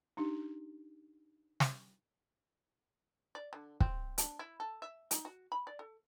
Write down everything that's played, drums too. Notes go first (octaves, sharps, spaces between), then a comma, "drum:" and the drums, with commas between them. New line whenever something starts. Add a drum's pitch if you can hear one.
D4 D#4 G4
drum: snare
D5
D3
C4, drum: kick
D4, drum: hi-hat
E4
A4
E5
D#4, drum: hi-hat
F#4
B5
D5
A4